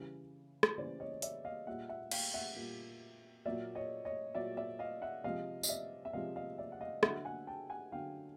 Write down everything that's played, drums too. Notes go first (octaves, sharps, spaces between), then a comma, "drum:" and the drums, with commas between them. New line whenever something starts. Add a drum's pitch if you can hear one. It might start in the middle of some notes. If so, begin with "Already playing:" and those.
Already playing: C#3 E3 G3
drum: rim click
C#3 E3 G3 C5 D5
C#5 D#5
D5 E5, drum: hi-hat
D#5 F5
A#2 G3 E5 F#5
E5 F#5
F5 G5, drum: cymbal
E5 F#5
A#2 G3
A#2 F#3 D5 E5
C#5 D#5
C#5 D#5
A#2 F#3 D5 E5
D5 E5
D#5 F5
E5 F#5
C3 F3 G#3 D#5 F5
D#5, drum: tambourine
D5 E5
E5
C3 F3 G#3 D#5 F5
D#5 F5
D5 E5
F#5
D#5 F5
D3 F#3 E5 F#5, drum: rim click
F#5 G#5
G5 A5
F#5 G#5
D3 F#3 F5 G5